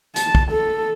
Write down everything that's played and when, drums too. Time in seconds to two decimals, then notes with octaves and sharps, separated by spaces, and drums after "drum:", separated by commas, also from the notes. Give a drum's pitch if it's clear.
0.16 A5, drum: hi-hat
0.35 drum: kick
0.52 A4